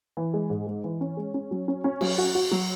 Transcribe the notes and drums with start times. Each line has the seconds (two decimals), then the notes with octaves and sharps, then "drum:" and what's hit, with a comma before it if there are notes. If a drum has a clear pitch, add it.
0.17 E3
0.34 G#3
0.50 G#2
0.67 G#3
0.84 E3
1.01 C#4
1.17 G#3
1.34 C#4
1.51 F#3
1.68 C#4
1.84 C#4
2.01 F#3, drum: cymbal
2.18 F#4
2.35 F#4
2.51 F#3